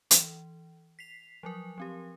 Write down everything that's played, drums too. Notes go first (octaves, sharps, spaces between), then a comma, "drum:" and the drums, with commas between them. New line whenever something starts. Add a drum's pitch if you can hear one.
E3, drum: hi-hat
B6 C7 F7
F3 F#3 A#4
F3 C4 G4